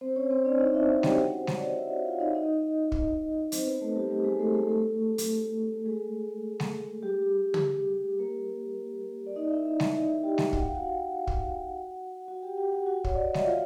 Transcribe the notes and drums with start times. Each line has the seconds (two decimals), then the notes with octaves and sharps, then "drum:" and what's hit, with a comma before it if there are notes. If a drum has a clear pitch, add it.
0.01 C4 C5
0.16 C#4 C#5
0.30 C4 C5
0.45 D4 D5
0.60 D#4 D#5
0.74 E4 E5
0.89 F#4 F#5
1.03 G4 G5, drum: snare G#3
1.18 F#4 F#5
1.37 C5
1.47 C#5, drum: snare G#3
1.57 D5
1.66 D#5
1.77 E4 E5
1.91 F#4 F#5
2.06 F4 F5
2.20 D#4 D#5
2.35 D#4 D#5
2.92 drum: kick
3.52 C4 C5, drum: hi-hat
3.66 B3 B4
3.81 A3 A4
3.96 G3 G4
4.11 G3 G4
4.24 G#3 G#4
4.39 A3 A4
4.54 A3 A4
4.69 A3 A4
5.18 drum: hi-hat
5.86 G#3 G#4
6.60 drum: snare G#3
7.03 G3 G4
7.54 drum: tom
8.19 A#3 A#4
9.26 D5
9.36 D#4 D#5
9.50 E4 E5
9.65 E4 E5
9.80 D#4 D#5, drum: snare G#3
9.95 E4 E5
10.23 G4 G5
10.38 F#4 F#5, drum: snare G#3
10.53 G5, drum: kick
10.60 F#5
10.68 F5
10.75 F#4 F#5
11.27 drum: kick
12.28 F#4 F#5
12.42 G4 G5
12.57 G4 G5
12.72 F#4 F#5
12.86 F#4 F#5
13.04 C#5, drum: kick
13.15 D5
13.25 D#5
13.34 E5, drum: snare G#3
13.45 F4 F5